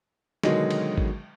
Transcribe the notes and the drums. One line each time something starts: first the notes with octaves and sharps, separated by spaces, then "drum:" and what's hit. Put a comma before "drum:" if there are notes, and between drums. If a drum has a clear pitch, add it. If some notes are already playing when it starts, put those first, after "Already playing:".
B2 D3 D#3 F#3 G#3 G#4, drum: snare
drum: cymbal
drum: kick G#1